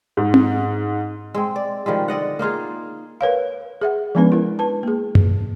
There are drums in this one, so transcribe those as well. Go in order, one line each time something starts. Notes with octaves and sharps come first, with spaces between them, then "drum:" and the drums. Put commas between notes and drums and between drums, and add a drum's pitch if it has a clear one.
G#2
drum: tom C4
G#3 C4
D5
D#3 F3 G3 G#3
D3 D5 D#5 F#5
A#3 D#4 F4 G#4
A#4 B4 C#5 F5
G#4 E5 F#5
F3 G#3 B3 C#4 D4 B4
E4 A#4
B4 A5
A#3 G#4
drum: tom F#2